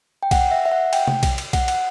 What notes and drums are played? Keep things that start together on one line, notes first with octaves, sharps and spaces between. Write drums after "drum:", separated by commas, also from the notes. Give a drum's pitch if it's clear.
G5
F#5, drum: kick B1, cymbal
E5
E5
F#5
G5, drum: cymbal
drum: tom C3
drum: kick B1, cymbal
drum: cymbal
F#5, drum: kick B1, cymbal
F#5, drum: cymbal